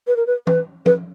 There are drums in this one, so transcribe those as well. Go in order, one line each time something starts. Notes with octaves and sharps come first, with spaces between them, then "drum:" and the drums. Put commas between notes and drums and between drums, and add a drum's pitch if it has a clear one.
B4
A#4
B4
B4, drum: tom E3
B4, drum: tom